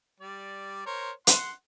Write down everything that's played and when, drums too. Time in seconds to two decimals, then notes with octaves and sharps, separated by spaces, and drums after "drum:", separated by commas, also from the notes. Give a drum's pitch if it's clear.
0.20 G3 D5
0.86 A#4 C5 C#5
1.27 F#5 C6, drum: hi-hat